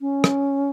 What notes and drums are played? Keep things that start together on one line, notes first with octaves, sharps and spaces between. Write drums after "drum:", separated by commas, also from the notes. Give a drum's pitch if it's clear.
C#4
drum: rim click